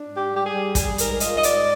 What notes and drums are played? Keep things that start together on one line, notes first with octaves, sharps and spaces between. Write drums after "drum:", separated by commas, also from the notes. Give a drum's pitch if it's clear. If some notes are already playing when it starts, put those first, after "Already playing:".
Already playing: D4
G#2
G4
G3
G4
G#4
G3
G3 G#4, drum: kick, hi-hat
G#2 A#4, drum: hi-hat
F4 D#5, drum: hi-hat
D#5
G#2 D5, drum: hi-hat